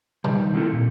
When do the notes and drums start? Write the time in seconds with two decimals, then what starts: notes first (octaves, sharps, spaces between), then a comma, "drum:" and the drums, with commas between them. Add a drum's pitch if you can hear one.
0.24 D#3 G3, drum: tom B2
0.54 A#3 C4 E4 F4 G4 A4
0.73 A#2